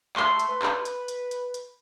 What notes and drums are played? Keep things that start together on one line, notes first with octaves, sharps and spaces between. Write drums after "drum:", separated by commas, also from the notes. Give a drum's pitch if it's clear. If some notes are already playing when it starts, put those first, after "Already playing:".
A3 C6, drum: clap
drum: hi-hat
B4
drum: clap
drum: hi-hat
drum: hi-hat
drum: hi-hat
drum: hi-hat